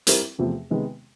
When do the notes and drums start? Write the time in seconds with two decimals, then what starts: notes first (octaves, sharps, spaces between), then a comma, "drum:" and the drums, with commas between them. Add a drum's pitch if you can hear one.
0.07 G3 C4 E4 G4 A#4, drum: hi-hat
0.38 E2 C3 F3 A3
0.70 C3 D#3 G#3 B3